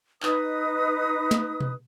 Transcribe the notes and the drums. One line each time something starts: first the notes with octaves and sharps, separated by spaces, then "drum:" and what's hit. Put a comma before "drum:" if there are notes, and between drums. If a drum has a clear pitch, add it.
D#4 B4 D#6, drum: clap
drum: snare
drum: tom B2